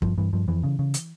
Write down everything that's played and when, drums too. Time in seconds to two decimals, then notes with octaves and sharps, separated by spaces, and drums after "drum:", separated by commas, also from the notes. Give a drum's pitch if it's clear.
0.02 G2 F3, drum: kick
0.18 G2 E3
0.33 G2 F3
0.48 F2 E3
0.64 C#3
0.79 C#3
0.94 drum: hi-hat